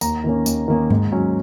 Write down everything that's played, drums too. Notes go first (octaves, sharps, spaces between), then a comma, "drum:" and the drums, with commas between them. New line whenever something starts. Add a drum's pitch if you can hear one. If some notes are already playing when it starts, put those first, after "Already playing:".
D#2 A#5, drum: tambourine
D#3 A#3 C#4
D#2, drum: tambourine
D#3 A#3 C#4
G#2, drum: tom G2
F#3 C#4